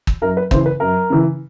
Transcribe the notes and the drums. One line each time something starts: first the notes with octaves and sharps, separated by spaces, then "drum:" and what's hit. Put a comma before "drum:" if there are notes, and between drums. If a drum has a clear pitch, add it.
drum: kick
F#2 A#4
B4
C#3 E3 C5, drum: kick
B4
F#2 A#4
C#3 E3